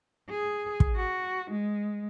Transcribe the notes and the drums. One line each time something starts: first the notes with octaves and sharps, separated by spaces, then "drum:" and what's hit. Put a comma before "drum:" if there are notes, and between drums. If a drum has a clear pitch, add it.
G#4
drum: kick
F#4
G#3